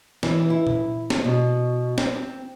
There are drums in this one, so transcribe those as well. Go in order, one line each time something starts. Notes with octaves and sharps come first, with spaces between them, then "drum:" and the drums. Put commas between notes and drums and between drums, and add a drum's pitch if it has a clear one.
E3, drum: snare
E4
drum: tom A#2
drum: snare
B2
C4, drum: snare